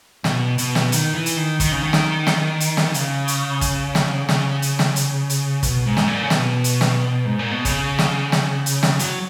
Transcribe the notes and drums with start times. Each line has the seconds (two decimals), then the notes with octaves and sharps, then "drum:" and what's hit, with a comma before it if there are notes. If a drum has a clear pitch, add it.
0.24 B2, drum: snare
0.58 B2, drum: hi-hat
0.75 drum: snare
0.92 D#3, drum: hi-hat
1.14 E3
1.26 drum: hi-hat
1.37 D#3
1.60 D#3, drum: kick, hi-hat
1.72 C#3
1.83 D#3
1.93 drum: snare
2.27 drum: snare
2.60 drum: hi-hat
2.77 drum: snare
2.94 C#3, drum: hi-hat
3.28 drum: hi-hat
3.61 drum: kick, hi-hat
3.95 drum: snare
4.29 C#3, drum: snare
4.62 drum: hi-hat
4.79 drum: snare
4.96 drum: hi-hat
5.30 drum: hi-hat
5.63 B2, drum: kick, hi-hat
5.86 G#2
5.97 drum: snare
6.08 A#2
6.23 C#3
6.30 B2, drum: snare
6.64 drum: hi-hat
6.81 drum: snare
7.25 G#2
7.39 A#2
7.51 B2
7.65 C#3, drum: kick, hi-hat
7.99 drum: snare
8.32 drum: snare
8.66 drum: hi-hat
8.83 drum: snare
8.99 F#3, drum: hi-hat